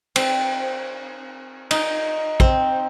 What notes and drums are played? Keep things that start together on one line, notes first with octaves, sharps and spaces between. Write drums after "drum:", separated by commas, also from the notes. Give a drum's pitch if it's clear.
C4, drum: cymbal
D#4, drum: cymbal
C4, drum: kick